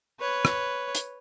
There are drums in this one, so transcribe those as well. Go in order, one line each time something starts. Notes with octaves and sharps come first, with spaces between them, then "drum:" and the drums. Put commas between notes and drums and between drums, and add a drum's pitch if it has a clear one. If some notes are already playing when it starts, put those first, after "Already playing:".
B4 C#5
drum: rim click
drum: hi-hat